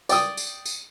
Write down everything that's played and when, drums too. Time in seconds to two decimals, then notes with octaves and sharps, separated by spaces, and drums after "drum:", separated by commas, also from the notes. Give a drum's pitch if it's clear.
0.09 D5 G5 D#6, drum: tambourine
0.37 drum: tambourine
0.65 drum: tambourine